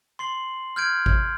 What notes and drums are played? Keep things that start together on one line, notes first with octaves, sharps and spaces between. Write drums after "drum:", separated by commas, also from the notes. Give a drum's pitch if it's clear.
C6 A6 C7 F#7
F6 G6 G#6 D7
drum: kick